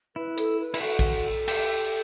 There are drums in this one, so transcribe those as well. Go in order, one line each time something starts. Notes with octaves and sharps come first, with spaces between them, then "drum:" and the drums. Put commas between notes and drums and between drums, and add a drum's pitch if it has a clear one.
E4 B4
A4, drum: hi-hat
B4
E4, drum: cymbal
F#4 A4
drum: kick
G4, drum: cymbal